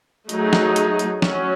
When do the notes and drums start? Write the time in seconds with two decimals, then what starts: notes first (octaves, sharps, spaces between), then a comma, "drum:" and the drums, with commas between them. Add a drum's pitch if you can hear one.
0.29 F#3 A3 D#4 G#4, drum: hi-hat
0.53 drum: snare
0.76 drum: hi-hat
0.99 drum: hi-hat
1.22 F#3 C#4, drum: snare